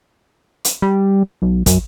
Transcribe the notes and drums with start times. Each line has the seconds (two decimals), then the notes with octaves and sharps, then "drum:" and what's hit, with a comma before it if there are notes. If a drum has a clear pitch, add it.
0.65 drum: hi-hat
0.82 G3
1.42 B1
1.66 F#2, drum: kick, hi-hat